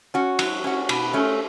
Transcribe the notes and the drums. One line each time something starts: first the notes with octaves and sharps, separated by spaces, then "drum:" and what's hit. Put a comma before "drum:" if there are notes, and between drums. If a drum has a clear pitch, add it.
C#4 F#4
F#3, drum: cymbal
C#4 F#4
B2, drum: cymbal
A3 C#4